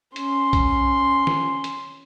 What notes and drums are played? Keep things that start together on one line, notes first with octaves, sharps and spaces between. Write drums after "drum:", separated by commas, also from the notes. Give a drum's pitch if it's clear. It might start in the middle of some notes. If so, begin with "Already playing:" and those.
C#4 C6, drum: hi-hat
drum: kick B1, hi-hat
drum: snare
drum: hi-hat